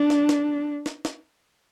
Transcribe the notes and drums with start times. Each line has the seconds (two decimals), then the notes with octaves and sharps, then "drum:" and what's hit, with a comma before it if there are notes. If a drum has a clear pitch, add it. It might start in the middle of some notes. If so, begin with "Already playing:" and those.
Already playing: D4
0.10 drum: snare
0.29 drum: snare
0.86 drum: snare
1.05 drum: snare